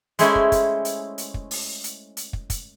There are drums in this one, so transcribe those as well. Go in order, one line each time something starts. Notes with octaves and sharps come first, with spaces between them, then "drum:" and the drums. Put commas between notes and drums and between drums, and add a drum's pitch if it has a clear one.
G#3 A3 C#4 E4 C5 G#5, drum: hi-hat
drum: kick
drum: kick, hi-hat
drum: hi-hat
drum: hi-hat
drum: kick
drum: open hi-hat
drum: hi-hat
drum: hi-hat
drum: kick
drum: kick, hi-hat